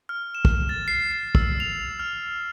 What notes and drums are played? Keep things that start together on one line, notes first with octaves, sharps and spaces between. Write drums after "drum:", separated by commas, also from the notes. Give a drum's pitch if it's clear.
F6
E7
drum: kick
A6
C7
C7
E6, drum: kick
F7
F6